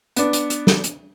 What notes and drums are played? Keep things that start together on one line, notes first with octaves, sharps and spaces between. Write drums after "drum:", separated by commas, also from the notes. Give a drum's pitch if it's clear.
B3 D4, drum: hi-hat
drum: hi-hat
drum: hi-hat
drum: snare
drum: hi-hat